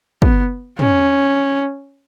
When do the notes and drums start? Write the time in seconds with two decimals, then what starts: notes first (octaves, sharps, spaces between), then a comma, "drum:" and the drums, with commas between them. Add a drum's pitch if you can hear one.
0.22 B3, drum: kick
0.79 C#4, drum: tom